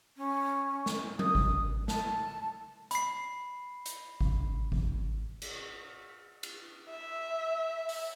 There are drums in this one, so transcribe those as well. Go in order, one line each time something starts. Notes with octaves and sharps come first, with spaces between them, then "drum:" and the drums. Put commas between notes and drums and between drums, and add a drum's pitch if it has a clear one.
C#4
drum: snare
D#6, drum: tom F#3
drum: kick G#1
A5, drum: snare
B5 C7, drum: hi-hat
drum: hi-hat
drum: kick G#1
drum: kick G#1
drum: cymbal
drum: cymbal
E5
drum: open hi-hat